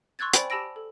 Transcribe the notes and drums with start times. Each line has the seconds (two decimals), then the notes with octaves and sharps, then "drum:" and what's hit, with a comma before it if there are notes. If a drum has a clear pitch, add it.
0.19 C6 C#6 E6 F#6 G#6 A6
0.33 C5 D5 G5 G#5 B5, drum: hi-hat
0.50 G4 A5 B5 E6 A#6 D7
0.76 A4